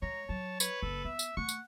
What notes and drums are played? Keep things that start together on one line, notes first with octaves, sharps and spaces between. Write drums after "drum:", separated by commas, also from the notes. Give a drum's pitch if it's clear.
G#3 C#5 A#5
F#3 A5
B4 C#5, drum: tambourine
F#1 A4
B3 E5
drum: tambourine
A3 F#5 C#6
drum: tambourine